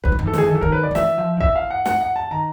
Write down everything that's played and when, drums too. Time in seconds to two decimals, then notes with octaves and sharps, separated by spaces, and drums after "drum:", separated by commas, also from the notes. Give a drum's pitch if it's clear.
0.04 D#3 B4, drum: kick
0.12 E3
0.19 D#3
0.25 E3 A4
0.33 D#3, drum: snare
0.38 E3 G#4
0.48 D#3 A4
0.55 E3
0.61 D#3 A#4
0.72 B4
0.83 D5
0.91 D#3
0.95 E3 E5, drum: snare
1.18 F3
1.37 D#3
1.40 E3 E5, drum: kick
1.56 F5
1.70 F#5
1.86 F#5, drum: snare
2.01 F#5
2.16 A5
2.31 D#3 A#5